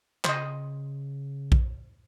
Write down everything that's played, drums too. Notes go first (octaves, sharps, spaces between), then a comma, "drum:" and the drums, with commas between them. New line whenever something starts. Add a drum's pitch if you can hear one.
C#3 C5 D#5, drum: clap
drum: kick A#1